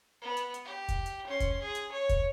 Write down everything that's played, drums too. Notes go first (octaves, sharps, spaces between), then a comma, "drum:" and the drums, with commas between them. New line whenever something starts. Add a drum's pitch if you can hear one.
B3
drum: hi-hat
drum: hi-hat
G4
drum: kick, hi-hat
drum: hi-hat
C#4 C6
drum: kick, hi-hat
G#4
drum: hi-hat
C#5
drum: kick, hi-hat